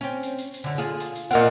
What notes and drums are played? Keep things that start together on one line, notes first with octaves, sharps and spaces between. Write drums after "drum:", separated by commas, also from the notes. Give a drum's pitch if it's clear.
C4 C#4
drum: hi-hat
drum: hi-hat
drum: hi-hat
F#2 D3
F4 G#4
drum: hi-hat
drum: hi-hat
A#2 C4 A#4 D#5 F#5, drum: hi-hat